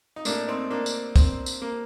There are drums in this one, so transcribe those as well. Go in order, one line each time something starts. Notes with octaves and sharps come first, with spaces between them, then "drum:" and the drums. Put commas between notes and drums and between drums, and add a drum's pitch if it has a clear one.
D#4
A2 A3 A#3 D4, drum: tambourine
C4 D#4
A#3 D4
drum: tambourine
C4, drum: kick, tambourine
drum: tambourine
A#3